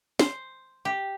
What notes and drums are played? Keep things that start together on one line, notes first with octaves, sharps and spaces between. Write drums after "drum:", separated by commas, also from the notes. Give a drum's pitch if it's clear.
C5, drum: snare
G4